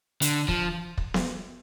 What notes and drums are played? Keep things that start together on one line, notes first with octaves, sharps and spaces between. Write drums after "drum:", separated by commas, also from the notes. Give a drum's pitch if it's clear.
D3, drum: hi-hat
F3, drum: kick
drum: kick
drum: snare B3